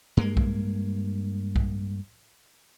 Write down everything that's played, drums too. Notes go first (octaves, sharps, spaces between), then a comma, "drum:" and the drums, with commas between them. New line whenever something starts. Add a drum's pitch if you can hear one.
G2 G#3 A#3
drum: kick B1
drum: kick B1